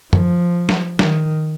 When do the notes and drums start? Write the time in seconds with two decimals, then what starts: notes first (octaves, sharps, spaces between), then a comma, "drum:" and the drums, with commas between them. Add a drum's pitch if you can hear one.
0.13 F3, drum: tom
0.69 drum: snare
0.99 D#3, drum: snare